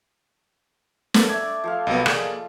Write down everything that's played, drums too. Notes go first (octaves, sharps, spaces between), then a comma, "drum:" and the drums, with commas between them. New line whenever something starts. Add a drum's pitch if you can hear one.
A3 B3 A4 A#4 A5, drum: snare
D5 E5 G#6
F3 A4 F5
C2 F#3 B3 D#5
A#3 G#4 D5, drum: rim click